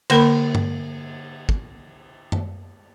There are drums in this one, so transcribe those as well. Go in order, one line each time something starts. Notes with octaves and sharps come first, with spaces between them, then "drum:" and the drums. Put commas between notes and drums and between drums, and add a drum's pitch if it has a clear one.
D3 A#3 A#4 B5, drum: cymbal
drum: tom G2
drum: kick
drum: tom F#2